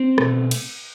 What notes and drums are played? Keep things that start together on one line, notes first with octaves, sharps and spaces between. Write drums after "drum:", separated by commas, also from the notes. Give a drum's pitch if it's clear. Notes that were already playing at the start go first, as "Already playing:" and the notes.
Already playing: C4 C5
B2 A3, drum: rim click
drum: cymbal